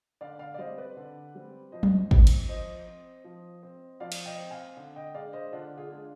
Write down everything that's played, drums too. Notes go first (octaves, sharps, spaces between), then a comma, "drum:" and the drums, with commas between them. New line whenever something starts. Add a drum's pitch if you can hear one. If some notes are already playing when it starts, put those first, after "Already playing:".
D3 D5 F5
D5 F5
D5
G3 C4 C5 D#5
B4 D5
D3
G3 C4
F3 C5 D#5
drum: tom F#3
C4, drum: kick
drum: cymbal
F3 C5 D#5
C4
F3
C4
F3 D5 F5
drum: cymbal
D#5 G5
C4
F5 G#5
D3
D#5 G5
G#3 D4 D5 F5
C5 D#5
D3 D4 F4
F4 G#4
G#3 D4